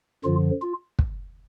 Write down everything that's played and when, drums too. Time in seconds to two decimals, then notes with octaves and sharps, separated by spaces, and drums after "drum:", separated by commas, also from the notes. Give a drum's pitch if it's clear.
0.24 F#2 D3 F3 F4
0.62 F4
0.99 drum: kick